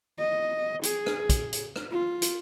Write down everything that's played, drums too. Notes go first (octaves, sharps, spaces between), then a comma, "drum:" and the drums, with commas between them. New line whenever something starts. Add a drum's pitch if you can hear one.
D#5
G#4, drum: hi-hat
drum: rim click
drum: kick, hi-hat
drum: hi-hat
drum: rim click
F4
drum: hi-hat